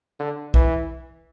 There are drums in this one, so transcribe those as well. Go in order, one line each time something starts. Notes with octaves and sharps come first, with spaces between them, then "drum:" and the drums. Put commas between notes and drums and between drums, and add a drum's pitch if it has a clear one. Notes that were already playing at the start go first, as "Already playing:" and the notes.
D3
E3, drum: kick